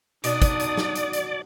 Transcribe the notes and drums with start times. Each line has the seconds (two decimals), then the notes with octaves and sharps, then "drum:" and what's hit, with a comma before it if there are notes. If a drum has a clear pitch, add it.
0.24 B2 D4 D#4 D5 D#6, drum: hi-hat
0.42 drum: kick, hi-hat
0.59 drum: hi-hat
0.77 drum: snare
0.95 drum: hi-hat
1.13 drum: hi-hat